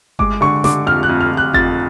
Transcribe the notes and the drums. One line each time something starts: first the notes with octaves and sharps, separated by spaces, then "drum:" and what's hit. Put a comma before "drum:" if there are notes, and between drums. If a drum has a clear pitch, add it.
G#3 D6, drum: kick G1
D3 C#6
D3 D6, drum: snare
F2 F6
F#6
F2
F6
F2
F#6
F2 A6, drum: kick G1